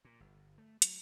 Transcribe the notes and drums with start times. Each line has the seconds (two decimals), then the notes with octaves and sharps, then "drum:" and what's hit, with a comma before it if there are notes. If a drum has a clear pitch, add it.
0.05 A#2
0.20 G1
0.58 A3
0.82 F#3, drum: hi-hat